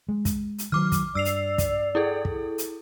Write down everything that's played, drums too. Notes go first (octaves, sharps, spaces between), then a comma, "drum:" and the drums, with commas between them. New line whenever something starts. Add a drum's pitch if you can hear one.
G#3
drum: kick, hi-hat
drum: hi-hat
D#3 F#3 D6 F6
drum: kick, hi-hat
G2 D5 E6 C7 F7
drum: hi-hat
drum: kick, hi-hat
E4 G#4 A4
drum: kick
drum: hi-hat